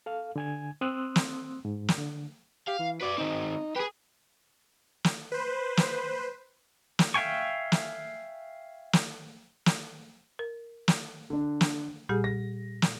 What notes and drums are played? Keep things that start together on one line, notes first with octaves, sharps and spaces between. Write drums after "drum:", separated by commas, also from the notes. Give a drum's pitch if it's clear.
A4 F5
D3 G#5 G#6
C4 C6 D#6 E6 F#6
drum: snare
G#2
drum: snare
D3
G4 F5
E3
F#4 B4 D5
D#3 C4 D#4
G4 G#4 B4
drum: snare
B4 C5
drum: snare
drum: snare
E5 F5 G5 G#5 C#6
drum: snare
drum: snare
drum: snare
A#4
drum: snare
D3 D4
drum: snare
A#2 G3 G4 G#4
A#6
drum: snare